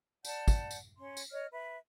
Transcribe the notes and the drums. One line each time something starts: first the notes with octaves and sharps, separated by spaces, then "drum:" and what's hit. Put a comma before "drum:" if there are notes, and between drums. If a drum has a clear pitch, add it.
D5 F#5 A5 G6, drum: tambourine
drum: kick, tambourine
drum: tambourine
C#4 C6
drum: tambourine
C#5 D#5 F6
B4 E5